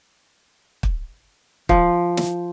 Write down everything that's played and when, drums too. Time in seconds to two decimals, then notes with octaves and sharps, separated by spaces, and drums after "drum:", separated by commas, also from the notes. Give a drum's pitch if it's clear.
0.83 drum: kick
1.69 F3, drum: kick
2.17 drum: snare